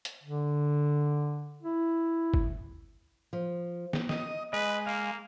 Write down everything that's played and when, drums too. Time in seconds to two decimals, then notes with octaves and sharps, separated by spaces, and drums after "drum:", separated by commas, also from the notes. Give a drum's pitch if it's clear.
0.05 drum: hi-hat
0.24 D3
1.63 E4
2.34 drum: kick G1
3.33 F3
3.93 drum: snare
4.09 D#5, drum: snare
4.53 G#3 B4 D#5
4.87 A#3 F5